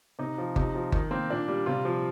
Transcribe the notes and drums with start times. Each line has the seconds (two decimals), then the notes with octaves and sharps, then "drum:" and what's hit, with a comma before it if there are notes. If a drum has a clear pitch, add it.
0.19 C3 D#4
0.38 F3
0.56 C3 D#4, drum: kick G1
0.75 F3
0.92 D#3 D#4, drum: kick G1
1.11 A#3 C4
1.30 A#2 D4
1.48 G3
1.66 C3 F4
1.85 F3